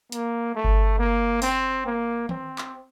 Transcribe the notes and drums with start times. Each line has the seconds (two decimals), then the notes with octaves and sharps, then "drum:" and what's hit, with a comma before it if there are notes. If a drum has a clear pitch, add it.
0.12 A#3, drum: hi-hat
0.55 A3
0.64 drum: kick G1
0.98 A#3
1.42 C4, drum: open hi-hat
1.86 A#3
2.29 C4, drum: tom D#3
2.58 drum: clap